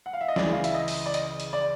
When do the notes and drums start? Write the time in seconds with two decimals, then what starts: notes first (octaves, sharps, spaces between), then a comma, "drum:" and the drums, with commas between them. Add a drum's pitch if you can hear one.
0.06 F#5
0.13 F5
0.21 E5
0.28 D#5
0.36 C#2 C#3 E3 G#3 D5, drum: snare
0.52 F5
0.64 E5, drum: hi-hat
0.75 D#5
0.88 drum: open hi-hat
1.06 D5
1.14 D#5, drum: hi-hat
1.40 drum: hi-hat
1.53 D5